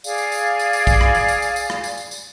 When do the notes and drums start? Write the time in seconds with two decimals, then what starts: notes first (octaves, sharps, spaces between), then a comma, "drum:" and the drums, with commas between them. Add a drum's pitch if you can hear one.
0.04 G#4 D5 F5 G#5, drum: tambourine
0.18 drum: tambourine
0.32 drum: tambourine
0.59 drum: tambourine
0.73 drum: tambourine
0.87 drum: kick, tambourine
1.01 drum: rim click
1.15 drum: tambourine
1.28 drum: tambourine
1.42 drum: tambourine
1.56 drum: tambourine
1.70 drum: rim click
1.84 drum: tambourine
1.97 drum: tambourine
2.11 drum: tambourine